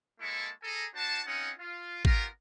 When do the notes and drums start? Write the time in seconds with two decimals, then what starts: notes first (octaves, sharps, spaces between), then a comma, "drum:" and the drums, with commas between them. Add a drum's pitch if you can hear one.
0.21 G#3 A#3 E4 A4 A5 C#6
0.63 G#4 A4 G#5 A#5
0.94 D4 F#4 C5 A5
1.26 C4 C#4 D#4 F4 G#4 F#5
1.60 F4
2.05 B3 F4 G4 A#4, drum: kick